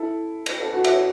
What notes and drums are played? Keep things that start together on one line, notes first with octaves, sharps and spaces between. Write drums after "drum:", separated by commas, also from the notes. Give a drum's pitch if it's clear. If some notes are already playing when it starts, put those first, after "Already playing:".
Already playing: E4 A4
B4, drum: cymbal
A4
F#4 B4
E5, drum: cymbal
C#5